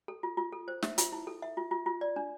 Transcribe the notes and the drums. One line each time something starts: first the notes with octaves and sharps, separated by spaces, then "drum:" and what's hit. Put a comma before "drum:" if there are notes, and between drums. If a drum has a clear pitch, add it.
A4
F4
F4
A4
C5
E5, drum: snare
F4, drum: hi-hat
E4
A4
E5
F4
F4
F4
D5
D4